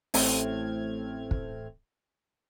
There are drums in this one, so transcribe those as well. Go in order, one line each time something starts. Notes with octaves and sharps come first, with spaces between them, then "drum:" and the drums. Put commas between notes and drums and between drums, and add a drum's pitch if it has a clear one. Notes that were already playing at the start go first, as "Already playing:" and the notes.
A1 A2 A3 C4 F6 G#6, drum: open hi-hat
drum: kick